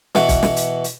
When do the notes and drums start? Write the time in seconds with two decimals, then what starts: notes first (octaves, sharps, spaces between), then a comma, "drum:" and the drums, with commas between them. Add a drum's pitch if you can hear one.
0.15 B2 E3 F#4 F#5, drum: snare
0.29 drum: kick, hi-hat
0.43 drum: snare
0.56 drum: hi-hat
0.84 drum: hi-hat